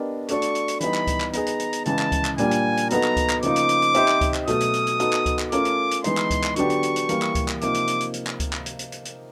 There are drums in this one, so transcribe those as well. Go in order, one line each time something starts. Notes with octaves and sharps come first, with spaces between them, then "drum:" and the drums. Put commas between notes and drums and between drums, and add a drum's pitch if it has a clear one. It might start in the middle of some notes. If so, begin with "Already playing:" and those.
Already playing: B3 D4 G4 A#4 D#5
A3 D4 F#4 A4 D5 C#6, drum: hi-hat
drum: hi-hat
drum: hi-hat
drum: hi-hat
E3 G3 B3 D#4 B5, drum: hi-hat
drum: clap
drum: kick C#2, hi-hat
drum: clap
B3 D#4 G#4 A#5, drum: hi-hat
drum: hi-hat
drum: hi-hat
drum: hi-hat
C#3 E3 G#3 A5, drum: hi-hat
drum: clap
drum: kick C#2, hi-hat
drum: clap
A#2 G3 A#3 D4 G#5, drum: hi-hat
drum: hi-hat
drum: hi-hat
F#3 B3 D#4 F#4 A4 A#5, drum: hi-hat
drum: clap
drum: kick C#2, hi-hat
drum: clap
C#3 F3 A#3 D#4 D6, drum: hi-hat
drum: hi-hat
drum: hi-hat
drum: hi-hat
C4 D#4 G4 C5 E5, drum: hi-hat
drum: clap
drum: kick C#2, hi-hat
drum: clap
B2 F#3 A3 D#6, drum: hi-hat
drum: hi-hat
drum: hi-hat
drum: hi-hat
B3 D#4 F#4 A4, drum: hi-hat
drum: clap
drum: kick C#2, hi-hat
drum: clap
A3 C#4 F4 A#4 D6, drum: hi-hat
drum: hi-hat
drum: hi-hat
E3 G#3 B3 D#4 C6, drum: hi-hat
drum: clap
drum: kick C#2, hi-hat
drum: clap
D3 F#3 B3 D4 G4 C#6, drum: hi-hat
drum: hi-hat
drum: hi-hat
drum: hi-hat
E3 G3 A#3, drum: hi-hat
drum: clap
drum: kick C#2, hi-hat
drum: clap
C3 F3 A#3 D#4 D6, drum: hi-hat
drum: hi-hat
drum: hi-hat
drum: hi-hat
drum: hi-hat
drum: clap
drum: kick C#2, hi-hat
drum: clap
drum: hi-hat
drum: hi-hat
drum: hi-hat
drum: hi-hat